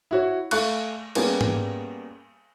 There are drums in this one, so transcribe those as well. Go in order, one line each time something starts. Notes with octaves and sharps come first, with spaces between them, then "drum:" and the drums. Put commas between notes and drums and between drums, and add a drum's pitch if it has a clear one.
E4 F#4 C#5
A3 F5 C#6 F#6, drum: cymbal
G3 A#3 B3 C#4 G#4, drum: cymbal
drum: tom G#2